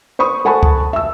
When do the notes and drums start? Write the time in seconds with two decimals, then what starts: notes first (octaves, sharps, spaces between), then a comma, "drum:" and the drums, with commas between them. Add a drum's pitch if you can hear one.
0.19 C5 B5 C#6 D#6
0.45 A4 F#5 G#5 A5 B5 C#6
0.63 drum: kick C#2
0.93 E5 E6